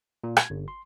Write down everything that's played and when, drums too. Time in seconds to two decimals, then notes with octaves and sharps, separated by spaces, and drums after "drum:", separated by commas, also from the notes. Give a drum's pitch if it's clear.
0.24 A#2
0.37 G#6, drum: rim click
0.50 G1
0.68 C6